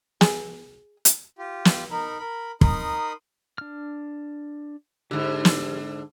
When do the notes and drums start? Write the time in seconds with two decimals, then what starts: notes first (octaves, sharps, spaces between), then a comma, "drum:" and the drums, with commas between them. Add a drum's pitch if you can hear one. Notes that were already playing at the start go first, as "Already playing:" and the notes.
0.21 G#4, drum: snare
1.05 drum: hi-hat
1.38 F4 G4
1.65 drum: snare
1.91 D#4 A#4 B5
2.19 A#4 B5
2.61 D#4 A#4 B5 C6 D#6, drum: kick
3.58 D4 F6
5.11 G#2 D3 G4
5.45 drum: snare